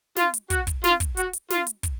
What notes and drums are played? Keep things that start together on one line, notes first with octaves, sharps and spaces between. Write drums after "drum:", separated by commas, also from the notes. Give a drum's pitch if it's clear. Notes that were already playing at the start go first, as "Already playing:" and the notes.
F4, drum: snare
drum: hi-hat
F#4, drum: kick, hi-hat
drum: kick, hi-hat
F4, drum: snare
drum: kick, hi-hat
F#4, drum: hi-hat
drum: hi-hat
F4, drum: snare
drum: hi-hat
drum: kick, hi-hat